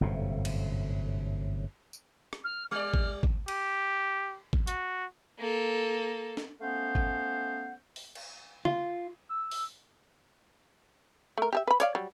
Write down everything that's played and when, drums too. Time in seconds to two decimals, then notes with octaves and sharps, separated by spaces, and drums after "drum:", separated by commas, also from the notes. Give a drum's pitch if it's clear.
0.01 G1 F#2 A2 C3
0.45 drum: cymbal
1.93 drum: tambourine
2.33 drum: rim click
2.44 F6
2.71 G3 D5 F6
2.94 drum: kick G#1
3.23 drum: kick G#1
3.48 G4, drum: cymbal
4.53 drum: kick G#1
4.67 F#4, drum: hi-hat
5.39 A#3 A4
6.37 drum: snare
6.61 A3 B3 C#4 C5 F5 F#5
6.95 drum: kick G#1
7.96 drum: open hi-hat
8.15 drum: cymbal
8.65 F4, drum: tom
9.29 E6
9.51 drum: open hi-hat
11.38 A3 A#4
11.53 G4 G#4 E5
11.67 B4 B5
11.80 C#5 D5 F5, drum: hi-hat
11.95 F#3 G3